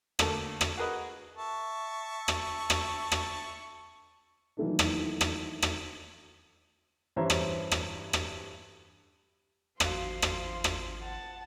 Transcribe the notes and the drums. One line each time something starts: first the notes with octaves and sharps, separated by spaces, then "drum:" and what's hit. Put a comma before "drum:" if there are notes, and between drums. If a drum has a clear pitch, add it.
D3 A3 A#3 A4, drum: rim click
drum: rim click
F#4 G#4 A#4 B4 D#5
E5 A5 C#6
drum: rim click
drum: rim click
drum: rim click
D#3 E3 F#3 A3 A#3 D4
drum: rim click
drum: rim click
drum: rim click
G2 E3 C#4 C5 E5 A#5
drum: rim click
drum: rim click
drum: rim click
G#1 F3 F#4 F5 C6, drum: rim click
drum: rim click
drum: rim click
F#5 A5